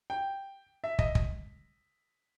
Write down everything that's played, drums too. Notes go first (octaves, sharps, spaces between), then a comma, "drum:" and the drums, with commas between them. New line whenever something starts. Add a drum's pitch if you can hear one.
G5
E5
D#5, drum: kick
drum: kick